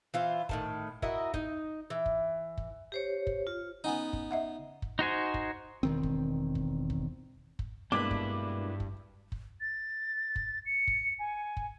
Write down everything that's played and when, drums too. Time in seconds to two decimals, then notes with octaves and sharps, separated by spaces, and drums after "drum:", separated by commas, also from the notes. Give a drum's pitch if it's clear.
0.14 E3 F4 C5
0.49 A2 D#3 A5, drum: kick
1.02 E4 F#4 A#4 D#5, drum: kick
1.34 D#4, drum: kick
1.90 E3
2.06 drum: kick
2.57 drum: kick
2.92 G4 C5 C#5
3.27 drum: kick
3.47 F4
3.84 B3 C#4 D#4 F#5 G#5
4.13 drum: kick
4.31 D#5 E5 F#5
4.82 drum: kick
4.99 D#4 F#4 C5 G#5
5.34 drum: kick
5.83 E1 D#3 C4
6.03 drum: kick
6.55 drum: kick
6.90 drum: kick
7.59 drum: kick
7.92 G2 B2 G#3 A#3 D4 E4 B4 D6
8.11 drum: kick
8.80 drum: kick
9.32 drum: kick
9.61 A6
10.36 drum: kick
10.66 C#7
10.87 drum: kick
11.19 G#5
11.57 drum: kick